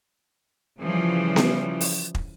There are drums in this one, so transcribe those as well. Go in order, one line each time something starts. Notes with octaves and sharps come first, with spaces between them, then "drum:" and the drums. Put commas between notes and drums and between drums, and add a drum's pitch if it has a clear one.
C#3 E3 F3 G3
drum: snare B3
drum: open hi-hat
drum: kick